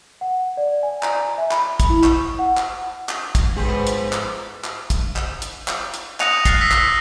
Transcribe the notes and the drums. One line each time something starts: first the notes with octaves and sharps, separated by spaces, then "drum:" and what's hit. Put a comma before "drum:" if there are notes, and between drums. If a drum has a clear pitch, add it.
F#5
D5
G#5
A#5, drum: clap
G#5
E5
B5, drum: clap
drum: kick, hi-hat
E4
C#6, drum: clap
F#5
drum: clap
drum: clap
drum: kick, hi-hat
F2 G#2 B3 C4 G#4 B4 C5
drum: hi-hat
drum: clap
drum: clap
drum: kick, hi-hat
drum: clap
drum: hi-hat
drum: clap
drum: hi-hat
D#6 F#6 A#6 C#7 D#7 F7, drum: clap
F6 F#6 A6 C7, drum: kick, hi-hat
E6 A#6 B6 C#7
drum: clap